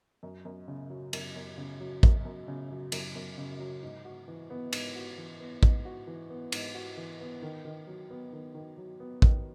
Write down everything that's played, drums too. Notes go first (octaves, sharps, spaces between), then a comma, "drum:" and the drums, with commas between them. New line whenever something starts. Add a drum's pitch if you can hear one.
F#2
F#2
C#3
F#3
F#2, drum: cymbal
F#2
C#3
F#3
F#2, drum: kick A1
F#2
C#3
F#3
F#2, drum: cymbal
F#2
C#3
F#3
G#2
F#4
E3
B3
G#2, drum: cymbal
F#4
E3
B3
G#2, drum: kick A1
F#4
E3
B3
G#2, drum: cymbal
F#4
E3
B3
D#3
D#3
F#3
B3
D#3
D#3
F#3
B3
D#3, drum: kick A1